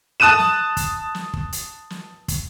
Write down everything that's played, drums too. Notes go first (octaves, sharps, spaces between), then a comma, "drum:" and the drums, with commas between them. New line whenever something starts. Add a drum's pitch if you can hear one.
A5 D#6 F#6 D#7 E7
drum: snare
drum: kick, hi-hat
drum: snare
drum: kick
drum: hi-hat
drum: snare
drum: kick, hi-hat